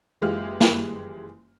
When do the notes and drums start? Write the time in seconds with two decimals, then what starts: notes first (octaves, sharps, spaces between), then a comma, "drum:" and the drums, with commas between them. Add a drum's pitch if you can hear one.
0.21 F#1 E3 G#3 F4 G4 F6
0.60 drum: snare